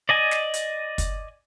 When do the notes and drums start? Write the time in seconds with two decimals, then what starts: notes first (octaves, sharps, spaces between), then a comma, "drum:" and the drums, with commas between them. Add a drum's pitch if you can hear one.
0.09 D5 D#5 G#5
0.31 drum: snare
0.54 drum: hi-hat
0.98 drum: kick, hi-hat